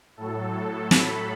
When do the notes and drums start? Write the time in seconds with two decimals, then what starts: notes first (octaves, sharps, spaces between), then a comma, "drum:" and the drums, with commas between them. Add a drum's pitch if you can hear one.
0.17 A2 F#3 A4
0.91 B5, drum: snare